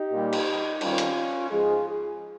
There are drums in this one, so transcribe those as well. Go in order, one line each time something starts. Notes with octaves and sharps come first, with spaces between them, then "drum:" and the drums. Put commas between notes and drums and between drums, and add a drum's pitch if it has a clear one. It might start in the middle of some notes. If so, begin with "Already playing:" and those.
Already playing: D#4 G4
A#2 G3 A#3
drum: cymbal
F2 D#3 G3 C#4 F4, drum: cymbal
drum: hi-hat
G#2 F3 G#3 F4 G#4